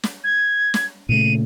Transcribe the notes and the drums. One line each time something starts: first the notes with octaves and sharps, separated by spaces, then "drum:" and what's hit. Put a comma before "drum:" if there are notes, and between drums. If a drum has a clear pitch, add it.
drum: snare
G#6
drum: snare
A#2 C#3 A3 D#7